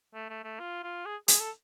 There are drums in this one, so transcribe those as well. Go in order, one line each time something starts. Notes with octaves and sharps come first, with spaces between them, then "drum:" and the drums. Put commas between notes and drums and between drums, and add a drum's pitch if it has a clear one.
A3
A3
A3
F4
F4
G#4
G#4, drum: hi-hat
A4